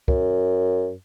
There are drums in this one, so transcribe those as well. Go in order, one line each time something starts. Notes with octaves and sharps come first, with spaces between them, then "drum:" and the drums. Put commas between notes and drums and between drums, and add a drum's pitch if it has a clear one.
F#2, drum: kick